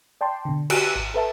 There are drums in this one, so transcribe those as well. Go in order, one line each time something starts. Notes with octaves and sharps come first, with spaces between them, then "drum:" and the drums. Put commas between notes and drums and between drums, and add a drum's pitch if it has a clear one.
D5 G5 A5 C6
B2 D3
F#4 G4 E6 F#6, drum: cymbal
G#1
A4 B4 E5 A5